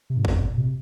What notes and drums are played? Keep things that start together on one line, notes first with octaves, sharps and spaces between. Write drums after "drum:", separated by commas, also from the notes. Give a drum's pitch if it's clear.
C3
G#2
F#2, drum: kick
F2
A#2
C3